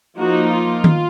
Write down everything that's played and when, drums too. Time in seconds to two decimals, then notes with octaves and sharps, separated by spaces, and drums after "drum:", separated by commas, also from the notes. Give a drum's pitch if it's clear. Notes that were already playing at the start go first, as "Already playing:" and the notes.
0.17 F3 A#3 D#4 F#4
0.50 F4
0.84 drum: tom D#3